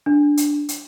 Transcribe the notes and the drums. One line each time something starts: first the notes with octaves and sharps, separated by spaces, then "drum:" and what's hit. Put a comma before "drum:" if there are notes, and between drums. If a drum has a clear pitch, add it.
D4
drum: hi-hat
drum: hi-hat